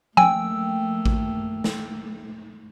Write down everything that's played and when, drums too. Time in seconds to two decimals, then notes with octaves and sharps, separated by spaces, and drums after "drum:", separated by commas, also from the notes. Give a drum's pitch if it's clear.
0.17 A3 A#3 G5 G#5 E6, drum: tom F3
1.06 drum: kick A1
1.64 drum: snare